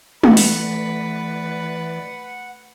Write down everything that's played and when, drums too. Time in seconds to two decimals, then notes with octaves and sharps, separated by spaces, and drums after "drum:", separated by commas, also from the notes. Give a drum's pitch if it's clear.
0.23 E3 A3 B4 D5 F#5, drum: tom
0.37 drum: open hi-hat